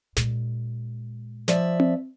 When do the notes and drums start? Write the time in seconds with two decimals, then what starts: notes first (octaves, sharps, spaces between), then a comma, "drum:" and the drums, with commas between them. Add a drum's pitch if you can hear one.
0.16 A#2 G#3, drum: snare
1.48 F3 D5 E5, drum: snare
1.80 drum: tom C4